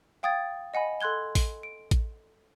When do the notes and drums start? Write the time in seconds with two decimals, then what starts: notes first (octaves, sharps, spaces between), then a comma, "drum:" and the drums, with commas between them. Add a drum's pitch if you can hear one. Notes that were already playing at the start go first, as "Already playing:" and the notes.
0.23 F5 G5 D#6 G#6 A6
0.74 D#5 F#5 G#5 B5
1.00 A4 C6 F#6 G#6 G7
1.35 drum: kick A1, open hi-hat
1.63 D7
1.91 drum: kick A1, hi-hat